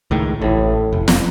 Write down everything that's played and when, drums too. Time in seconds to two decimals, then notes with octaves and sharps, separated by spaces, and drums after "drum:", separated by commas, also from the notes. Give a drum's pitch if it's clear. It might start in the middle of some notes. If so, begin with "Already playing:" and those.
0.11 C#2 A2 D#3
0.41 A1 A2
0.93 F1
1.08 drum: snare